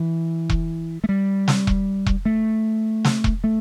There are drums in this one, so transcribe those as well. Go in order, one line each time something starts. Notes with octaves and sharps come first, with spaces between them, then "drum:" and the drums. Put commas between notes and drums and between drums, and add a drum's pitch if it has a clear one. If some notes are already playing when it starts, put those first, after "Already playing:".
Already playing: E3
drum: kick E1
A3
G3
drum: snare
drum: kick E1
drum: kick E1
A3
drum: snare
drum: kick E1
A3